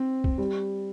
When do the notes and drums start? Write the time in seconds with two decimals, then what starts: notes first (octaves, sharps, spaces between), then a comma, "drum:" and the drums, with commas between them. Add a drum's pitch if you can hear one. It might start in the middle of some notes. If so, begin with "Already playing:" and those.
Already playing: C4
0.24 drum: kick
0.38 G3